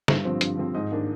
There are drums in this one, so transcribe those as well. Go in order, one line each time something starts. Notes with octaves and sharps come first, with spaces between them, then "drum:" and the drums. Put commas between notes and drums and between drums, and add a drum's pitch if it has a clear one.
G2, drum: snare
D3 F3 C4
G2, drum: hi-hat
D3 F3 C4
G#2 D#5
D#3 A#3 D4